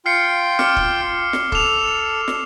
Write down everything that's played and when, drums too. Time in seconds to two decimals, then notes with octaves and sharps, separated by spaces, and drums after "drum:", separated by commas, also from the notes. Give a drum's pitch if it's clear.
0.06 F4 G5 F6 C7 C#7
0.59 D6 F6 C#7, drum: snare
0.77 drum: kick
1.33 drum: snare
1.52 A4 D6 F7, drum: kick
2.28 drum: snare